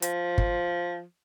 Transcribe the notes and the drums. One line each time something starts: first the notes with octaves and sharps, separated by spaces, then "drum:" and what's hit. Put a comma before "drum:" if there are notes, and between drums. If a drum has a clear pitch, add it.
F3, drum: hi-hat
drum: kick